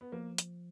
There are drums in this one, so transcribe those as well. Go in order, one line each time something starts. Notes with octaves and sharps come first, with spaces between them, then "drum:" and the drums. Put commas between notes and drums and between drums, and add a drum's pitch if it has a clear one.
B3
F3 A#3
drum: hi-hat